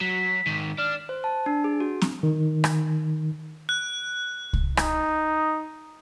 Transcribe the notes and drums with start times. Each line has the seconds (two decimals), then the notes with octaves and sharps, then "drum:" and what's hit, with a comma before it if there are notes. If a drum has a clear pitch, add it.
0.01 F#3 B6
0.47 G#2 D#3
0.78 D4 F6
1.09 C5
1.24 A5
1.46 D4
1.64 G#4
1.80 F#4
2.01 drum: snare C4
2.23 D#3
2.64 drum: rim click
3.69 F#6
4.53 drum: kick C2
4.77 D#4, drum: rim click